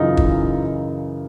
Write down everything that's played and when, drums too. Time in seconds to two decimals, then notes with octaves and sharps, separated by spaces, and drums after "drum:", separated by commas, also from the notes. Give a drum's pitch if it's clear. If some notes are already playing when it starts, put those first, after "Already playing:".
Already playing: F#2 C#3 E3 D#4 F4
0.17 drum: kick